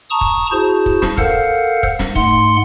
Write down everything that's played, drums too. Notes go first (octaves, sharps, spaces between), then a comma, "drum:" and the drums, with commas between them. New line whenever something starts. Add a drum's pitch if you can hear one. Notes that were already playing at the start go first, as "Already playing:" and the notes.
A5 A#5 C#6 D#6
drum: kick
E4 F#4 G#4 C5 A5
drum: kick
drum: snare
A4 A#4 C5 F5 F#5, drum: kick
drum: kick
drum: snare
G#2 A3 F#5 C6, drum: kick